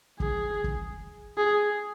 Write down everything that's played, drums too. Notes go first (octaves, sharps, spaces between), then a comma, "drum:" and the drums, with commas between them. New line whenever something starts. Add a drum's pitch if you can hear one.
G#4, drum: kick
drum: kick
G#4